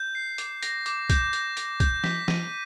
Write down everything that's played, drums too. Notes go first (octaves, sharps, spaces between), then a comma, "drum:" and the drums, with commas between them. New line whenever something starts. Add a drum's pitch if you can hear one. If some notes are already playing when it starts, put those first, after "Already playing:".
Already playing: G6
C7
D6, drum: hi-hat
A#6, drum: hi-hat
D6, drum: hi-hat
G6, drum: kick, hi-hat
A#6, drum: hi-hat
A#6, drum: hi-hat
G6, drum: kick, hi-hat
B6, drum: snare F3
D#7, drum: snare F3